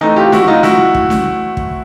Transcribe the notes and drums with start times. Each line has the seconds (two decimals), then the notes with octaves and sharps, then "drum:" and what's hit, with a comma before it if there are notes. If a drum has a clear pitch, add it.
0.01 E3 A3 C4 D#4
0.16 F4 G4
0.32 E4 F#4, drum: snare
0.47 D#4 F4
0.63 E4 F#4, drum: snare
0.95 drum: kick
1.10 drum: snare
1.57 drum: kick